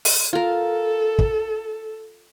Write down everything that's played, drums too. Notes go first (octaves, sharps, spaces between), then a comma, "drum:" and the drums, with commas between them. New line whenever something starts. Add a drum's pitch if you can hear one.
drum: open hi-hat
F4 A4 A#4
drum: kick